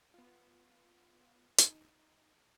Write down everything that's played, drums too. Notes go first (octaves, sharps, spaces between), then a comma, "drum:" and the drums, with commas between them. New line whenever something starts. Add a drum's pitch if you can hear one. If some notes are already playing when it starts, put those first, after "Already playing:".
B3 F4
D#4, drum: hi-hat